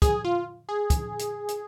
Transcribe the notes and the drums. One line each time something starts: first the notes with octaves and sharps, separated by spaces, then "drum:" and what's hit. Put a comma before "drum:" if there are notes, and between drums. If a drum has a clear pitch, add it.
G#4, drum: kick, hi-hat
F4
G#4
drum: kick, hi-hat
drum: hi-hat
drum: hi-hat